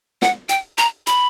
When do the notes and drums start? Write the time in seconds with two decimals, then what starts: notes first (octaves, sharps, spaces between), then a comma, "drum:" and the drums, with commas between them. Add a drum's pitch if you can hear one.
0.22 F#5, drum: snare
0.49 G5, drum: hi-hat
0.78 A#5, drum: hi-hat
1.07 B5, drum: hi-hat